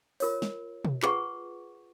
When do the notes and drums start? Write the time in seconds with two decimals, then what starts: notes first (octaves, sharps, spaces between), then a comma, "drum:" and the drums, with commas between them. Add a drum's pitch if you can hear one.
0.20 F4 A#4 C#5, drum: open hi-hat
0.42 drum: snare
0.85 drum: tom B2
1.02 F4 G#4 B4 F#5 C#6, drum: clap